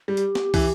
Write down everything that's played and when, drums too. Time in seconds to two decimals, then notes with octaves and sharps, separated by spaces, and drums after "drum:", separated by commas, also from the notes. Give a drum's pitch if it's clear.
0.08 G3
0.17 G4, drum: hi-hat
0.35 drum: snare
0.54 E3, drum: kick, open hi-hat